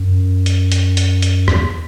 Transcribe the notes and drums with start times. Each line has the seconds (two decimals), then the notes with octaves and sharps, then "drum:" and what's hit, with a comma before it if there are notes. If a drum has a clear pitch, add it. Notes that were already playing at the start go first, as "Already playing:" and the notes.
Already playing: F#2
0.46 drum: hi-hat
0.72 drum: hi-hat
0.97 drum: hi-hat
1.22 drum: hi-hat
1.48 E2, drum: rim click